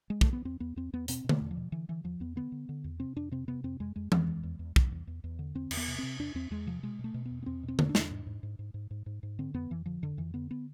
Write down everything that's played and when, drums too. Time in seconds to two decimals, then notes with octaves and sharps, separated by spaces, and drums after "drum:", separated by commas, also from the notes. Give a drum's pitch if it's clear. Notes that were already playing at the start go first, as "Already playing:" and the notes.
0.10 G#3
0.21 A3, drum: kick
0.33 B3
0.45 E2 C4
0.60 E2 B3
0.76 E2 C4
0.93 E2 B3
1.08 B2 C4, drum: hi-hat
1.24 B2
1.29 A3, drum: tom D3
1.41 E2
1.51 F3
1.57 B2
1.72 D3 E3
1.88 D3 E3
2.04 E2 F3
2.20 E2 B3
2.36 D3 B3
2.52 D3
2.69 D3
2.84 E2
3.00 C3 C4
3.16 F2 D4
3.32 C3 C4
3.48 C3 B3
3.64 F2 C4
3.80 F2 G#3
3.96 F2 G#3
4.12 F2 G#3, drum: tom E3
4.28 E2
4.43 E2
4.59 E2
4.76 E2, drum: kick
4.92 E2
5.07 E2
5.24 E2
5.39 D3
5.55 E2 C4
5.71 E2, drum: cymbal
5.77 B3
5.88 C3
5.99 C3 C4
6.19 E2 D4
6.35 E2 C4
6.50 E2 G#3
6.66 C3 F3
6.83 B2 G#3
6.99 B2
7.04 A3
7.14 B2
7.25 B3
7.30 E2
7.43 B3
7.46 E2 C4
7.63 B2
7.68 C4
7.79 E2, drum: tom D3
7.89 D4
7.95 E2, drum: snare
8.11 G#2
8.26 G#2
8.43 G#2
8.59 G#2
8.74 G#2
8.91 G#2
9.06 G#2
9.23 G#2
9.39 D3 C4
9.54 F2 B3
9.70 F2 E3
9.86 D3 F3
10.02 F2 D3
10.17 F2 E3
10.34 D3 B3
10.51 B3